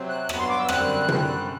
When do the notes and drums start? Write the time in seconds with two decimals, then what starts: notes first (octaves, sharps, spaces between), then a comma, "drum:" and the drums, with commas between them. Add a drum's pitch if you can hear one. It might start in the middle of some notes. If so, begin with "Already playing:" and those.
Already playing: C3 F#3 C4
0.09 F#6
0.29 G2 F#3 B3, drum: rim click
0.39 C6
0.49 D6
0.59 E6
0.69 F#2 D3 G3 C4 F#6, drum: rim click
1.09 F#2 D3 G3 C4, drum: tom